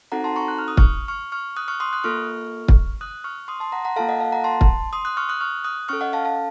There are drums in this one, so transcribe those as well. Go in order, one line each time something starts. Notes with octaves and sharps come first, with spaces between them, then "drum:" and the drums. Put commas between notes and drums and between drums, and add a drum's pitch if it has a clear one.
C4 D#4 F#4 A4 F#5 A#5
A5 C6
A#5 C#6
F#6
F6
D#6
C#6 F6, drum: kick
C#6 F6
C#6 F6
D#6 F#6
C#6 F6
C6 D#6
D#6 F#6
A#3 F4 A4 C#6 F6
drum: kick
D#6 F#6
C#6 F6
C6 D#6
A5 C6
F#5 A#5
F#5 A#5
A#3 F4 A4 F5 A5
D#5 F#5
F5 A5
F#5 A#5
A5 C6
drum: kick
C6 D#6
D#6 F#6
C#6 F6
D#6 F#6
C#6 F6
D#6 F#6
C#4 A4 C#6 F6
D#5 F#5
F5 A5
F5 A5